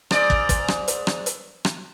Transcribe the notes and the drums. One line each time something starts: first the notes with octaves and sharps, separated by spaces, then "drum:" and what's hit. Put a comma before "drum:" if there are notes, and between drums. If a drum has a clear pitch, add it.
G#2 D5, drum: rim click
drum: kick
drum: kick, hi-hat
drum: rim click
drum: hi-hat
drum: rim click
drum: hi-hat
drum: rim click